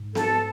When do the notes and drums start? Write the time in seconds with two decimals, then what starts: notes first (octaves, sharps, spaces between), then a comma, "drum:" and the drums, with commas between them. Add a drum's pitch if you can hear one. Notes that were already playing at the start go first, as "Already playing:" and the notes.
Already playing: G#2
0.15 A4, drum: snare B3